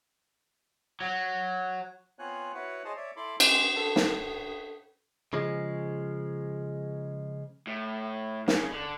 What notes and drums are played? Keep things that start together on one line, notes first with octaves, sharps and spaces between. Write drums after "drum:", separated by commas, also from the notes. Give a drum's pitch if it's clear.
F#3
B3 C4 F4 C#5 G#5 F#6
E4 F#4 B4 C#5 F#5
G#4 C5 C#5 D#5 A5
C#5 D5 E5
E4 A4 B5 C6 D6
G#3 C4 D6, drum: cymbal
A4
drum: snare
C#3 F3 G#3
A2
C#3, drum: snare
D3